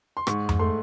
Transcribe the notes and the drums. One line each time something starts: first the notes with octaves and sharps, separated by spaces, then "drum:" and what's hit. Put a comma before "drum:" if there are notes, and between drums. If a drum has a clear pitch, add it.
C6
G#2 C#6, drum: rim click
drum: tom F2
A3 C6